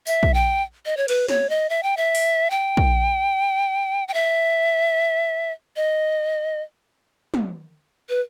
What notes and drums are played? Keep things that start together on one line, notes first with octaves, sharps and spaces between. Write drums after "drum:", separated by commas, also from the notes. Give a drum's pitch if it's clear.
E5, drum: tambourine
drum: kick
G5
D#5
C#5
B4, drum: cymbal
C#5, drum: snare
D#5
E5
G5
E5
drum: open hi-hat
G5
drum: kick
G5
E5
D#5
drum: tom
B4